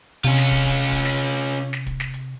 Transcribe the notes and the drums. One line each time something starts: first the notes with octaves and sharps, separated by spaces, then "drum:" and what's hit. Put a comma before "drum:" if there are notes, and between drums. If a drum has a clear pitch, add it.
C3 C#4 F4, drum: hi-hat
drum: snare
drum: kick, hi-hat
drum: kick
drum: hi-hat
drum: kick
drum: snare
drum: hi-hat
drum: hi-hat
drum: snare
drum: kick, hi-hat
drum: snare
drum: hi-hat